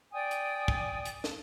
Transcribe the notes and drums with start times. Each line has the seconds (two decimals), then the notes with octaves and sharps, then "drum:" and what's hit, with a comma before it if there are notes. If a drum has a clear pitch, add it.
0.12 D5 G5 G#5 D#6
0.31 drum: hi-hat
0.68 drum: kick
1.05 drum: hi-hat
1.24 drum: snare